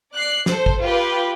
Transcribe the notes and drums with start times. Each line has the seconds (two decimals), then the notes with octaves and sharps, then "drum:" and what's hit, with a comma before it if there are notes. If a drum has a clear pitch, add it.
0.13 D5 F#6 C7
0.46 A4 C5, drum: snare
0.66 drum: kick
0.81 F4 G4 B4